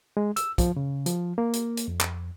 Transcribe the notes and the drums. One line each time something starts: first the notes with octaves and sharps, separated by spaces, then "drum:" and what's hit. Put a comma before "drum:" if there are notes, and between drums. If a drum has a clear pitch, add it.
G#3
E6, drum: hi-hat
F3, drum: kick, hi-hat
C#3
F3, drum: hi-hat
A#3
drum: hi-hat
drum: hi-hat
F2
drum: clap